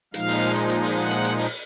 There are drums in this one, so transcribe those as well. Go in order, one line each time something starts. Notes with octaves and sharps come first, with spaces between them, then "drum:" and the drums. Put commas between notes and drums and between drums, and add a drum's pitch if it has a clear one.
A#2 F3 G#3 D#4 F5, drum: hi-hat
drum: open hi-hat
drum: hi-hat
drum: hi-hat
drum: open hi-hat
F#5
drum: hi-hat
drum: hi-hat
drum: open hi-hat